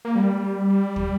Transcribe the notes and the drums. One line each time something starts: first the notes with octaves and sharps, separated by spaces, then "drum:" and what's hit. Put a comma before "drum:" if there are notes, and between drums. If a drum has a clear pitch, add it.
A#3
G3
drum: kick